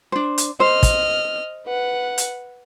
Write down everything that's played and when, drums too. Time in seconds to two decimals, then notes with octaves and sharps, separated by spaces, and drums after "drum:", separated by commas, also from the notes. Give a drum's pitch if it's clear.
0.12 D4 C5
0.38 drum: hi-hat
0.60 C5 D#5 F6
0.83 drum: kick, hi-hat
1.66 B4 F#5
2.18 drum: hi-hat